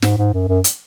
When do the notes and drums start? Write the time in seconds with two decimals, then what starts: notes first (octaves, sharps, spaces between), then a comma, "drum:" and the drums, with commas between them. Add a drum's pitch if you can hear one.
0.02 G#2, drum: snare
0.18 G#2
0.33 F#2
0.48 F#2
0.64 drum: hi-hat